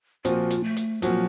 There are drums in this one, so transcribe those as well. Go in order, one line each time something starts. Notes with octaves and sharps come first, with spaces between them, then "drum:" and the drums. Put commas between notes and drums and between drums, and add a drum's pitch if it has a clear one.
A#2 F3 C4 F4 F#4, drum: hi-hat
drum: hi-hat
A3
drum: hi-hat
A#2 F3 F#3 C4 F#4, drum: hi-hat